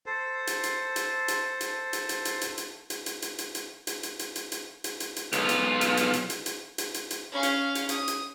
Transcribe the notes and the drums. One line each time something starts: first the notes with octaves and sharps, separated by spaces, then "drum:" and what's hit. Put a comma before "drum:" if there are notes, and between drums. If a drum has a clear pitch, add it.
A4 C5
drum: hi-hat
drum: hi-hat
drum: hi-hat
drum: hi-hat
drum: hi-hat
drum: hi-hat
drum: hi-hat
drum: hi-hat
drum: hi-hat
drum: hi-hat
drum: hi-hat
drum: hi-hat
drum: hi-hat
drum: hi-hat
drum: hi-hat
drum: hi-hat
drum: hi-hat
drum: hi-hat
drum: hi-hat
drum: hi-hat
drum: hi-hat
drum: hi-hat
drum: hi-hat
B1 F4, drum: hi-hat
drum: hi-hat
drum: hi-hat
drum: hi-hat
drum: hi-hat
drum: hi-hat
drum: hi-hat
drum: hi-hat
drum: hi-hat
drum: hi-hat
C#4 F5
drum: hi-hat
drum: hi-hat
D#6, drum: hi-hat
drum: hi-hat